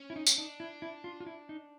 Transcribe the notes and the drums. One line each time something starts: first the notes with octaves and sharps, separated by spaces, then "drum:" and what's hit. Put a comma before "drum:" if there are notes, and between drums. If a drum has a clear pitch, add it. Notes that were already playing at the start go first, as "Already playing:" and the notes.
Already playing: C#4
E4
D#4
drum: tambourine
D4 D#4
E4
E4
F4
F4
E4
D#4